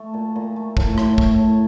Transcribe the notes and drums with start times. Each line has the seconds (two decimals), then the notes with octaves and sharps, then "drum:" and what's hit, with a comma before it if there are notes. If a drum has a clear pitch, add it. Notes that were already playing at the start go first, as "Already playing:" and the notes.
Already playing: A3
0.14 A#2
0.36 A#2
0.56 A3
0.77 A2, drum: kick
0.98 A2, drum: rim click
1.18 A3, drum: kick
1.39 A2